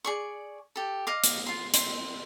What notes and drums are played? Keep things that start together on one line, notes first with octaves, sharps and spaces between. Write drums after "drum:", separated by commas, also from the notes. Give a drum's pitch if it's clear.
G#4 D5 C#6
G4 A4
D#5 F5 D6
drum: hi-hat
F4 C6
C6, drum: hi-hat